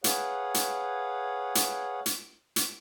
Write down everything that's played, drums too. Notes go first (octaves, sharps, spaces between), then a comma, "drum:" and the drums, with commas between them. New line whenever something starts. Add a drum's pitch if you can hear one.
G#4 B4 C#5 F5 F#5, drum: hi-hat
drum: hi-hat
drum: hi-hat
drum: hi-hat
drum: hi-hat